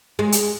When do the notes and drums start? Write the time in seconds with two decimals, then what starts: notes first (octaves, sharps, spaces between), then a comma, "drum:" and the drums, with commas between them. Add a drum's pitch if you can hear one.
0.19 G#3
0.32 drum: hi-hat